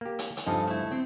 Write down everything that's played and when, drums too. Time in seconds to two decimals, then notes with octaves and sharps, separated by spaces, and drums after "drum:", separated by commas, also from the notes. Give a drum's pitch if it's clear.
0.01 A#3 G4
0.19 drum: hi-hat
0.37 drum: hi-hat
0.46 G2 F3 D#4 A4 G#5
0.67 A3 E4
0.91 C4